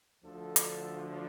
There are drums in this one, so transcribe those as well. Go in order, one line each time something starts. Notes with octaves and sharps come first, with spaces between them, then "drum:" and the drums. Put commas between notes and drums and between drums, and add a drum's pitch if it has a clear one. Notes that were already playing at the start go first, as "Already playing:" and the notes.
D2 D3 F3 A4
drum: hi-hat